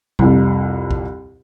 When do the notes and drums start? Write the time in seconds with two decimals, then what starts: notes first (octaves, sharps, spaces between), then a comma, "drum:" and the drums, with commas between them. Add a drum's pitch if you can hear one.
0.19 C2 F2, drum: kick A#1
0.91 drum: kick A#1